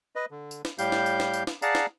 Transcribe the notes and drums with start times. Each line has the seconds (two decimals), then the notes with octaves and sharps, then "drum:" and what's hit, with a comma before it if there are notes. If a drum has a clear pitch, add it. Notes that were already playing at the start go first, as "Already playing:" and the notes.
0.16 B4 D#5
0.31 D3
0.51 drum: tambourine
0.65 drum: snare
0.79 A2 G3 G4 F5 G6, drum: tambourine
0.92 drum: snare
1.06 drum: tambourine
1.20 drum: snare
1.34 drum: tambourine
1.47 drum: snare
1.62 G#4 D5 F5 F#5 A5 A#5, drum: tambourine
1.75 drum: snare